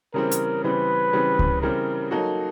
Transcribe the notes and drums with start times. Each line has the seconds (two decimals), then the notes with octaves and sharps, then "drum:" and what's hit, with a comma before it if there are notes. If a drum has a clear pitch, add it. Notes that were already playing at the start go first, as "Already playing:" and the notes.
0.14 C#3 E3 G3 C4 A#4
0.32 drum: hi-hat
0.64 C#3 E3 G3 C4 B4
1.13 C#3 E3 G3 C4
1.39 drum: kick C#2
1.62 C#3 E3 G3 C4 A#4
2.11 F#3 A#3 D#4 F#4 A4